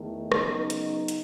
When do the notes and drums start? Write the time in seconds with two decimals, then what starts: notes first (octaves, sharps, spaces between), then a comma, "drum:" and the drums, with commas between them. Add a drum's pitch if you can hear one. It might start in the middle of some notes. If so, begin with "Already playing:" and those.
Already playing: E2 D#3 A3
0.32 C#3 F#3 B3 D#4, drum: rim click
0.70 drum: hi-hat
1.08 drum: hi-hat